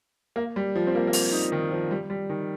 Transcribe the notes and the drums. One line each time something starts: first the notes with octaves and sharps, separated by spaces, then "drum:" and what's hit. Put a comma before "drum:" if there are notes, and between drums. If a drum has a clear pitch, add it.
A#3
G3
F3
C4
A#3
A#3
C4, drum: open hi-hat
D#4
D#3
F3
G3
G3
D#3